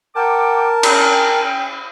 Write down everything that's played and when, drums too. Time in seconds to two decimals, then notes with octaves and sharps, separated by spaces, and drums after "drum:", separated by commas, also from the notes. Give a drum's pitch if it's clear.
0.16 A#4 F#5 G5 A5 D6
0.83 C#4 G5, drum: cymbal